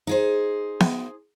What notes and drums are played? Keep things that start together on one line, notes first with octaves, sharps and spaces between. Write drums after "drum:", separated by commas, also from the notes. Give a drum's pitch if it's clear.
D#4 G#4 C5
drum: snare B3